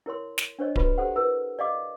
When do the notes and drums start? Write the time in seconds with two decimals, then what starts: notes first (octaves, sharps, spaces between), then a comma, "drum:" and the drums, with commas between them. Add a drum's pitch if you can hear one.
0.06 E4 A#4 C#5 C6
0.38 drum: snare
0.59 D4 C5 C#5 D#5
0.76 F4 F#4 B4 B5, drum: kick D1
0.98 G4 A4 C5 F#5
1.16 E4 A#4 B4 E6
1.59 D5 D#5 F5 D6